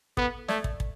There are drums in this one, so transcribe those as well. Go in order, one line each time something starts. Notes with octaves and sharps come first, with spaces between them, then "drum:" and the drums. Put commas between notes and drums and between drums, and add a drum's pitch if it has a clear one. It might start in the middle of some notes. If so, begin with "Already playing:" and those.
B3 A4, drum: kick
A3 A4 D5, drum: snare
drum: kick
drum: kick